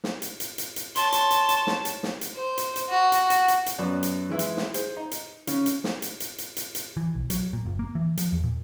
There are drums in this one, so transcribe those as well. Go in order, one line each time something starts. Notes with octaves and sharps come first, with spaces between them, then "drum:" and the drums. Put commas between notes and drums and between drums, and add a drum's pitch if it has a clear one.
drum: snare
drum: hi-hat
drum: hi-hat
drum: hi-hat
drum: hi-hat
C#5 A5 C6, drum: hi-hat
drum: hi-hat
drum: hi-hat
drum: hi-hat
drum: snare
drum: hi-hat
drum: snare
drum: hi-hat
C5
drum: hi-hat
drum: hi-hat
F#4
drum: hi-hat
drum: hi-hat
drum: hi-hat
drum: hi-hat
F#2 F#3 B3 D5
drum: hi-hat
E3 G#3 E4 B4 E5
drum: hi-hat
drum: snare
G#4 C5, drum: hi-hat
D#4
drum: hi-hat
C#3 C#4, drum: hi-hat
drum: hi-hat
drum: snare
drum: hi-hat
drum: hi-hat
drum: hi-hat
drum: hi-hat
drum: hi-hat
E3
B1
F#3, drum: hi-hat
A#2
F#1
A#3
E3
F3, drum: hi-hat
E2
A#2